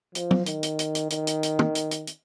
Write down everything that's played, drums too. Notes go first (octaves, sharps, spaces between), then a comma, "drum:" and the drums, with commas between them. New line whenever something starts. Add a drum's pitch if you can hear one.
F3, drum: hi-hat
drum: tom
D#3, drum: hi-hat
drum: hi-hat
drum: hi-hat
drum: hi-hat
D#3, drum: hi-hat
drum: hi-hat
drum: hi-hat
drum: tom
drum: hi-hat
drum: hi-hat
drum: hi-hat